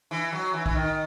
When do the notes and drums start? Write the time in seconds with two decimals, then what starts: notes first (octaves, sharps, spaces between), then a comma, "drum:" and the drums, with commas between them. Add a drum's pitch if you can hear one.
0.11 E3
0.32 F#3
0.53 E3
0.66 E3, drum: kick A#1
0.75 D#3